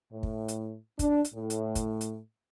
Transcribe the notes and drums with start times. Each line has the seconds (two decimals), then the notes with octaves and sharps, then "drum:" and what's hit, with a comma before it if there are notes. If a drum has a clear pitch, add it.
0.12 A2
0.23 drum: kick
0.48 drum: hi-hat
0.99 D4, drum: kick, hi-hat
1.25 drum: hi-hat
1.34 A2
1.50 drum: hi-hat
1.75 drum: kick, hi-hat
2.01 drum: hi-hat